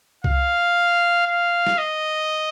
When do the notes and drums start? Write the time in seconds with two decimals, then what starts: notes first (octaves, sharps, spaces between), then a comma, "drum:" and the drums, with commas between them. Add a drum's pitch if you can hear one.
0.24 F5, drum: kick C2
1.27 F5
1.67 drum: snare
1.78 D#5